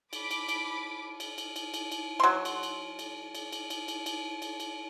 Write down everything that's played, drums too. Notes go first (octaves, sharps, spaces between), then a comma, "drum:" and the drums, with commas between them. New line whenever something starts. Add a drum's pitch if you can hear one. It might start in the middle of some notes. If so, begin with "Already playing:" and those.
B5 D6, drum: cymbal
drum: cymbal
drum: cymbal
drum: cymbal
drum: cymbal
drum: cymbal
drum: cymbal
drum: cymbal
F#3 C6
drum: cymbal
drum: cymbal
drum: cymbal
drum: cymbal
drum: cymbal
drum: cymbal
drum: cymbal
drum: cymbal
drum: cymbal
drum: cymbal